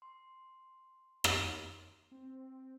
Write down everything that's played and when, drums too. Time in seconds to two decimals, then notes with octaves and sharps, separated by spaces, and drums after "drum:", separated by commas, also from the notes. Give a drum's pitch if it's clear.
0.02 C6
1.24 drum: rim click
2.11 C4